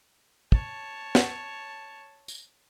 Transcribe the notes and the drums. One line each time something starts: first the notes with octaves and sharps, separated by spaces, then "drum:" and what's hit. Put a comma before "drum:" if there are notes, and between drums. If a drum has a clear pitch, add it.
C#5 A5, drum: kick
drum: snare
drum: tambourine